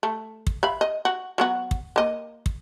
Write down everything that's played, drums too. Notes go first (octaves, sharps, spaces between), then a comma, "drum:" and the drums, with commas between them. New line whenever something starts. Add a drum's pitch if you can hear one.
A3
drum: kick
E5 F5 B5
D#5
F#4
F#3 B3 F#4
drum: kick
A#3 D#5
drum: kick